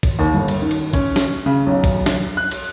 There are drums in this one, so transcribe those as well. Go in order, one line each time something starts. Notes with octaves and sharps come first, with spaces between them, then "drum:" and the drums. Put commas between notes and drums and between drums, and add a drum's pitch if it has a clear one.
drum: kick A#1, cymbal
D#2
G1
drum: cymbal
D#3
drum: cymbal
C#4, drum: kick A#1, cymbal
drum: snare
C#3
B1
drum: kick A#1, cymbal
drum: snare
F#6
drum: cymbal